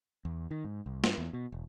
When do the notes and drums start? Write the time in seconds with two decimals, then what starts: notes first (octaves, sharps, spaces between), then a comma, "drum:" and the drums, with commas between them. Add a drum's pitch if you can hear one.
0.25 E2
0.51 D#3
0.64 G#2
0.86 C2
1.04 G2, drum: snare
1.18 E2
1.33 B2
1.52 E1